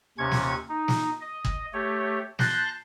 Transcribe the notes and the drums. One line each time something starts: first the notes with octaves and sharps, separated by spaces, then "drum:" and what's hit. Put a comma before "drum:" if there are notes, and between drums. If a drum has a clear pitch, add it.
D#2 C3 C#4 C#6 G#6
drum: snare
D#4
drum: snare
D#5
drum: kick
A3 G4 C#5
A5 C6 F#6 G6 A#6, drum: snare